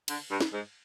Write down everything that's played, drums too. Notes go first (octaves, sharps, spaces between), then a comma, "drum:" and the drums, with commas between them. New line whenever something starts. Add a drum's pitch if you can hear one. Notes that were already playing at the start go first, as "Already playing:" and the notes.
D3, drum: cymbal
G2
drum: snare
G#2